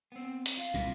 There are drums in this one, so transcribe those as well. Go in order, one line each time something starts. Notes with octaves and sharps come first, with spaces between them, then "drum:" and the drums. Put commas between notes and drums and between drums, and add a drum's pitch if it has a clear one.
B3 C4
drum: hi-hat
F4
C2 A#2